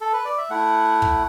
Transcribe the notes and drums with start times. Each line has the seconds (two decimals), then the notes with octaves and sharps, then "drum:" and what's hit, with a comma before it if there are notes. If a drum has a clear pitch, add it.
0.00 A4
0.13 B4
0.25 D5
0.38 E5
0.50 A3 E4 F#5
1.02 drum: kick